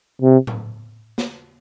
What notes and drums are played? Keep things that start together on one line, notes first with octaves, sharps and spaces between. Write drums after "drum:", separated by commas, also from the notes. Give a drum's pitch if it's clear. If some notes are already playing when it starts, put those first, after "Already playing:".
C3
drum: tom A2
drum: snare